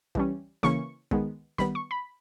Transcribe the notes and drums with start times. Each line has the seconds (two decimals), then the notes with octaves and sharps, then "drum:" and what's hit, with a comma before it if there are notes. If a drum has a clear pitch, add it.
0.15 E3 G3 C#4, drum: kick
0.63 C#3 E3 A#3 C#4 C#6, drum: snare
1.11 D#3 G#3 B3, drum: kick
1.58 D#3 G3 B3 B5, drum: snare
1.75 C#6
1.91 B5